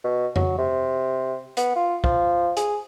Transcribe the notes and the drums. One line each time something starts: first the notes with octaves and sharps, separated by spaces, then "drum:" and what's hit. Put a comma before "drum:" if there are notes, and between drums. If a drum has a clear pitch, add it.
B2
F#3, drum: tom F2
C3
B3, drum: hi-hat
F4
F3, drum: kick
G#4, drum: hi-hat